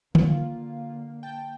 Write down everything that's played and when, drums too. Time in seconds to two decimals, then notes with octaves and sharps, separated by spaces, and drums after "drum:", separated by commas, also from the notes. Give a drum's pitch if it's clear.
0.15 D3 A#3 F4, drum: tom
1.23 G5 A5